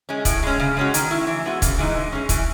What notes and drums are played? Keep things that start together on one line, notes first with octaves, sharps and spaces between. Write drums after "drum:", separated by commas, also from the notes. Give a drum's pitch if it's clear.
G#3 C#4
A2, drum: kick, hi-hat
G#3 C#4
C#3
G#3 C#4 F#4
D#3, drum: hi-hat
A3 E4
E3
G#3 B3 F#4
C#3, drum: kick, hi-hat
E3 G#3 B3 D#4
G#3
C#4 G#4
E3, drum: kick, hi-hat